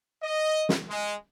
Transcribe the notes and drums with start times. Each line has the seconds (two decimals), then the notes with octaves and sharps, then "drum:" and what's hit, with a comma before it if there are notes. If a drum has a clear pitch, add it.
0.23 D#5
0.69 drum: snare
0.89 G#3